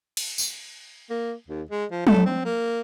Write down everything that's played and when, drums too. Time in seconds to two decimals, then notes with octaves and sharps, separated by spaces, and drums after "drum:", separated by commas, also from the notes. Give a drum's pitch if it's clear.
0.17 drum: cymbal
0.38 drum: tambourine
1.10 A#3
1.48 D#2
1.71 G#3
1.92 F3
2.07 A3, drum: tom
2.25 C4
2.45 A#3